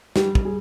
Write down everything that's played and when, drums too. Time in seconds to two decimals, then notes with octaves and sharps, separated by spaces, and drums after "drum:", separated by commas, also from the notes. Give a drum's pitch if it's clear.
0.16 G3 G4, drum: snare
0.35 drum: kick
0.45 G3 G#4